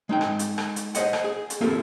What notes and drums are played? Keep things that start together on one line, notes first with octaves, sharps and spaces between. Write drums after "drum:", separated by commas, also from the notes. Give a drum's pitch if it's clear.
G#3 D#4 G5
drum: rim click
drum: hi-hat
drum: rim click
drum: hi-hat
C5 C#5 D#5 F#5, drum: hi-hat
drum: rim click
G#4
drum: hi-hat
A#3 C4 E4 F4 G4 A4